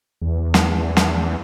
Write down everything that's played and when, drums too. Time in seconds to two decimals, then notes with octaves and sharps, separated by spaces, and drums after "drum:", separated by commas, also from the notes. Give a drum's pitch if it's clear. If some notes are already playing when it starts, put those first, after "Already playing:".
0.21 E2
0.54 drum: snare
0.97 drum: snare